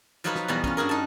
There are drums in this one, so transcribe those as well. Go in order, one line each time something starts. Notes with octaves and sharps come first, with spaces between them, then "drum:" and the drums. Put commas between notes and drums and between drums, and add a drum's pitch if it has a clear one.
F3 F#3 D#4 F4 F#4 B4
drum: snare
E2 B2 G3 B3 A#5
C#4 F4, drum: kick
G2 F#4 G#4 A#4
D#4 A5